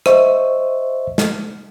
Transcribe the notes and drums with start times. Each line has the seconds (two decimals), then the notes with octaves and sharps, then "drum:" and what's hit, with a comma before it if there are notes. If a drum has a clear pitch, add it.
0.06 C5 D#5 E5 C#6, drum: rim click
1.18 drum: snare